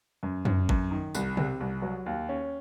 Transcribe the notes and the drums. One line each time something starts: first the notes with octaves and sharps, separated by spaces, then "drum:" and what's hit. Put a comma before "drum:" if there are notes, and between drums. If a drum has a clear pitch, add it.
F#2
F#2, drum: tom
F#2, drum: kick
D#3
C2, drum: tambourine
C3, drum: tom
C2
F#3
D#2
C#4